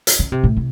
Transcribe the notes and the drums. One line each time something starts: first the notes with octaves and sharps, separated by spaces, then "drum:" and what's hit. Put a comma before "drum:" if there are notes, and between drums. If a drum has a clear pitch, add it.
drum: hi-hat
C#3
C3
A2
C3